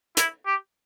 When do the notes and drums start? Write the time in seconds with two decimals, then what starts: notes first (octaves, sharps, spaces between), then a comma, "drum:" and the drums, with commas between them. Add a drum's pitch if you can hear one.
0.17 E4, drum: hi-hat
0.46 G4